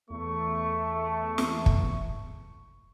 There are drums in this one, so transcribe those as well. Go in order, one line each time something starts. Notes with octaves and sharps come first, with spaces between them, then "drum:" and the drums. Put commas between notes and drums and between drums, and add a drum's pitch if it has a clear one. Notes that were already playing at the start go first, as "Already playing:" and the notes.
E2 A3 C#6
drum: snare
drum: kick